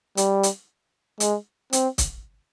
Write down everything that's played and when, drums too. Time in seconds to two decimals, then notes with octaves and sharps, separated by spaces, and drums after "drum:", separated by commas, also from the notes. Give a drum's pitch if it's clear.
0.17 G3, drum: hi-hat
0.43 drum: hi-hat
1.20 G#3, drum: hi-hat
1.73 C4, drum: hi-hat
1.98 drum: kick, hi-hat